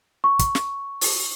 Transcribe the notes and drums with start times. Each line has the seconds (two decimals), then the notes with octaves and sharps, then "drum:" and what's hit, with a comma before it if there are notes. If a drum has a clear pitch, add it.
0.24 C#6
0.39 drum: kick, hi-hat
0.55 drum: snare
1.01 drum: open hi-hat